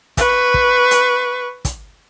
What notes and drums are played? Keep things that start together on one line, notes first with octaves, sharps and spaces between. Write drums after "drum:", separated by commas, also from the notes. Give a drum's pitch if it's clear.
B4 C#6, drum: kick, hi-hat
drum: kick
drum: hi-hat
drum: kick, hi-hat